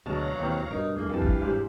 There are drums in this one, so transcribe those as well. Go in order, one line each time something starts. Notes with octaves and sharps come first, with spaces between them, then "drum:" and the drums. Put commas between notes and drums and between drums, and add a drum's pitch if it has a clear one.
D2 B2 F#3 G#3 C#5 F5 A5 A#5
D#2 E3 C4
G2 B2 D#4 A#4
E2 A3 A#3 G#4
F2 E3 G4 F5 A5
drum: kick F#1
E2 G#2 C3